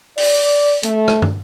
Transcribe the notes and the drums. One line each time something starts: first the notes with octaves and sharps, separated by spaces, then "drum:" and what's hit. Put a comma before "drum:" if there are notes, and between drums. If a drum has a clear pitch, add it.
D5, drum: open hi-hat
A3, drum: hi-hat
drum: rim click
drum: tom